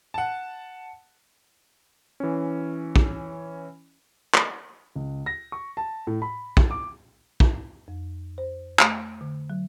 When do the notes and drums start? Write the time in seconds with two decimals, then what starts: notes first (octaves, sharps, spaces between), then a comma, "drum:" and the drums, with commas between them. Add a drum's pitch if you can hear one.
0.14 F#5 A5
2.20 E3 C#4
2.96 drum: kick
4.35 drum: clap
4.96 C#2
5.26 A#6
5.52 C#6
5.77 A5
6.07 A2
6.22 B5
6.57 drum: kick
6.71 D6
7.40 drum: kick
7.88 F2
8.38 C5
8.79 A3, drum: clap
9.21 D3
9.50 F#3